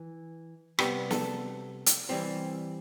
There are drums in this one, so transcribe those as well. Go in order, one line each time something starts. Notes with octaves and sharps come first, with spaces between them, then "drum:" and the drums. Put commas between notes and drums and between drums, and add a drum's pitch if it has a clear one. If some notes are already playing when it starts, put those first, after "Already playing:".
Already playing: E3
C3 G3 B3 G4, drum: rim click
A4, drum: snare
drum: hi-hat
E3 G3 C4 G4